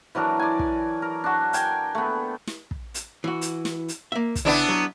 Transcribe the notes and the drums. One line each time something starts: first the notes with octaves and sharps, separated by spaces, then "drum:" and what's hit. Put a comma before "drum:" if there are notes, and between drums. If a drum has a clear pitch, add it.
E3 F#3 D4 A#4
D5 G#5
drum: kick
A#4
D4 F#4
A#4 G5 G#5, drum: hi-hat
A3 B3
drum: snare
drum: kick
drum: hi-hat
E3 F#4
drum: hi-hat
drum: snare
drum: hi-hat
A#3 E5
drum: kick, hi-hat
C#3 B3 D4 E4
F#3